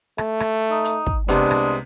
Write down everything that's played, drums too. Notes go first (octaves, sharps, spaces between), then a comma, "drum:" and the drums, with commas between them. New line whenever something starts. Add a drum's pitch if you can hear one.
A3, drum: rim click
drum: rim click
D#4
drum: hi-hat
drum: kick
C2 C3 G#3 B3 D4, drum: hi-hat
drum: rim click